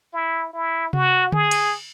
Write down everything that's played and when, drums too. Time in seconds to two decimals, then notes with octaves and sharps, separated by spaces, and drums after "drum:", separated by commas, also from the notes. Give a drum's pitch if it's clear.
0.13 E4
0.53 E4
0.93 F#4, drum: tom C3
1.32 G#4, drum: tom D3
1.51 drum: cymbal